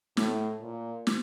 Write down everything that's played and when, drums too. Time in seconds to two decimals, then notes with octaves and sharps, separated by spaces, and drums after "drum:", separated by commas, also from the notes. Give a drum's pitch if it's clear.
0.17 A2, drum: snare
0.62 A#2
1.07 drum: snare